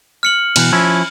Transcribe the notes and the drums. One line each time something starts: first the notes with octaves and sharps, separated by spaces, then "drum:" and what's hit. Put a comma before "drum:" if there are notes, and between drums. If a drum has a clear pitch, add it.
F6 C#7 F#7
B2 E3, drum: cymbal
F3 C#4 E4